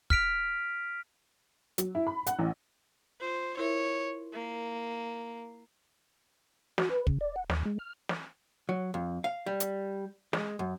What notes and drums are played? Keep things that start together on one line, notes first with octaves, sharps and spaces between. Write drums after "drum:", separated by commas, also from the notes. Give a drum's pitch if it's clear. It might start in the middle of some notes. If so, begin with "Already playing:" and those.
F6 B6 D7 F7, drum: kick
F#3, drum: hi-hat
E4
B5
F#5, drum: hi-hat
A1
F4 C5
E4 A#4 C#5 E5
A#3
F#4, drum: snare
B4
C#3, drum: kick
D5
F#5
D#2, drum: snare
G#3
F6
drum: snare
F#3
F2
F5
G3
drum: hi-hat
G#3, drum: snare
F#2